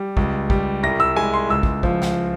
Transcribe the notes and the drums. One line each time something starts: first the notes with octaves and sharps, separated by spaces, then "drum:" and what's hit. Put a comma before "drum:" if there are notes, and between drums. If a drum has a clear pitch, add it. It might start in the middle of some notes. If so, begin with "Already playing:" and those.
Already playing: G3
C#2, drum: kick
G3, drum: kick
C2 A#6
E6
G#3 G#5
C6
C#2 E6
drum: kick
F3, drum: kick
drum: snare